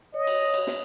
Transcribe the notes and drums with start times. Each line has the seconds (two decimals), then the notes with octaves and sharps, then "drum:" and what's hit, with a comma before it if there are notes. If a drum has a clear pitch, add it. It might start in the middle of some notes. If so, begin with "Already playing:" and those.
0.14 C#5 D#5
0.27 drum: cymbal
0.54 drum: cymbal
0.67 drum: snare